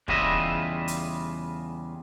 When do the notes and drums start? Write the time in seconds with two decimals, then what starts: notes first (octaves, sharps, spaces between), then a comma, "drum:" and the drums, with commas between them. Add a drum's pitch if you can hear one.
0.08 E2 C#3 G3 F4 D#5 E5, drum: kick
0.88 drum: hi-hat